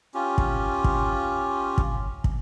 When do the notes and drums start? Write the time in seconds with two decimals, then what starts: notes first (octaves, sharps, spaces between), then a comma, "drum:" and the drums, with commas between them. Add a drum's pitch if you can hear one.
0.14 C#4 F4 G4
0.38 drum: kick
0.84 drum: kick
1.78 drum: kick
2.24 drum: kick